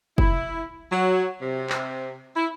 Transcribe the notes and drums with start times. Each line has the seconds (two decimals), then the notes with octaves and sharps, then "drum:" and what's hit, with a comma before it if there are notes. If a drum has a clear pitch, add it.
0.18 E4, drum: kick
0.92 F#3
1.42 C3
1.70 drum: clap
2.36 E4